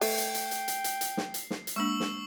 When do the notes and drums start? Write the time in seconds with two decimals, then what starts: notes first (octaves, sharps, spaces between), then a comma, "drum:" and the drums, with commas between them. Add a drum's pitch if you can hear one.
0.01 A3 G5 C7, drum: open hi-hat
0.18 drum: hi-hat
0.35 drum: hi-hat
0.51 drum: hi-hat
0.68 drum: hi-hat
0.84 drum: hi-hat
1.01 drum: hi-hat
1.17 drum: snare
1.34 drum: hi-hat
1.50 drum: snare
1.67 drum: hi-hat
1.76 G#3 A#3 D4 C#6 E6 F#7
2.00 drum: snare